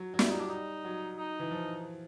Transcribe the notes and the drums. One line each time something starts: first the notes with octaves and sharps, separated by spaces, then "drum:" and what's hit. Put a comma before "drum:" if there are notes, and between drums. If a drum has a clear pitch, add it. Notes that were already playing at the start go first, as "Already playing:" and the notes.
Already playing: F#3
F#3
G3 E4, drum: snare
D#4
D4
D#4
F#3
D#4
E3
F3